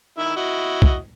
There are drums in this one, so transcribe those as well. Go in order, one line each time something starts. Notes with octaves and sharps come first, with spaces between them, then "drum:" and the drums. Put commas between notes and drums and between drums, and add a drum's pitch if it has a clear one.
D#3 E4 E5
E4 F#4 D#5
drum: kick B1